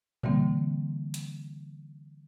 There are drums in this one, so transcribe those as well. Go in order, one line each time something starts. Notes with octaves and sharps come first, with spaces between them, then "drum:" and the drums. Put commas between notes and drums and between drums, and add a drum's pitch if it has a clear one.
D3 E3 G3 A#3 C4, drum: tom A#2
drum: hi-hat